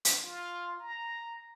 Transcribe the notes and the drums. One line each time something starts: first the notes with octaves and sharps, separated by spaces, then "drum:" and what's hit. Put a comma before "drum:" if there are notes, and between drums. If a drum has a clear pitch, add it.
drum: hi-hat
F4
A#5